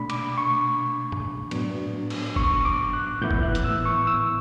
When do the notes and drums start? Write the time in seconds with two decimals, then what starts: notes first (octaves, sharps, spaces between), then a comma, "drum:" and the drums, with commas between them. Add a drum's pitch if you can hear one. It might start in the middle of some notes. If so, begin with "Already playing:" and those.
Already playing: B2 A3 D4 B5
0.10 D6, drum: cymbal
0.38 C#6
1.12 drum: tom F#2
1.51 A2 F#3 B3 D4, drum: cymbal
2.10 drum: cymbal
2.36 C#6, drum: kick F#1
2.65 D6
2.93 F#6
3.21 A2 E3 B3 E4 G6
3.31 drum: kick F#1
3.43 F#6
3.55 drum: hi-hat
3.64 E6
3.85 C#6
4.07 E6